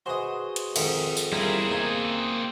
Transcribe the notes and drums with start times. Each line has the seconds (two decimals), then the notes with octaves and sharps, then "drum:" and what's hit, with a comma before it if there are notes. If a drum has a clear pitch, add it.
0.06 F#4 G#4 B4 C5 D#5
0.56 drum: hi-hat
0.76 F2 G#2 D#3, drum: cymbal
1.17 drum: tambourine
1.32 E2 C#3 G3 C4 E4 G#4 A#4 G#6
1.70 A#3 D#4